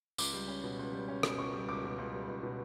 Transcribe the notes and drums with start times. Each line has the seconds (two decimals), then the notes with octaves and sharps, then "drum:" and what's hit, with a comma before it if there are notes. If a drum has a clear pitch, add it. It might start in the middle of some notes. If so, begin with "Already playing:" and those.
0.18 C#2 D6, drum: tambourine
0.33 G3
0.48 C#4
0.64 B2
0.79 C#2
0.93 G3
1.08 C#4
1.23 B2, drum: rim click
1.38 C#2 C#6
1.54 G3
1.68 C#2 D6
1.84 B2
1.98 C#2
2.13 G3
2.28 C#2
2.43 B2